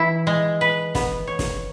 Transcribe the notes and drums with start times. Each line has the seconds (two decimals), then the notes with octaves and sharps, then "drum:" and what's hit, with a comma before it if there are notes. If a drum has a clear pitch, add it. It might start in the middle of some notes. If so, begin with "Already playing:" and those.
Already playing: E3 E4
0.27 G#3
0.61 B4
0.95 B3, drum: snare
1.27 C#5
1.39 drum: snare